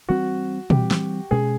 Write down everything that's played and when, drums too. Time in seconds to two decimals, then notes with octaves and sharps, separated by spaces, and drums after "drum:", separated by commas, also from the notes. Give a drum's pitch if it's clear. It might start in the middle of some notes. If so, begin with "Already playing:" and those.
0.09 E3 G3 C4 F#4
0.70 E3 G3 C4 G4, drum: tom
0.91 drum: snare
1.31 B2 G#3 C#4 G#4